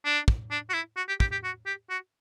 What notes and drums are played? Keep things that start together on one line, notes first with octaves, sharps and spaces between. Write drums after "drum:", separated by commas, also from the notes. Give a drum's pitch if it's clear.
D4
drum: kick
D4
F#4
E4
F#4
G4
G4, drum: kick
G4
F#4
G4
F#4